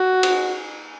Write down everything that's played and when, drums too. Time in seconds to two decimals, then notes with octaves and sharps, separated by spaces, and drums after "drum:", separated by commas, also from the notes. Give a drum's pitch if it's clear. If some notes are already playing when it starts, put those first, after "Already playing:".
Already playing: F#4
0.23 drum: cymbal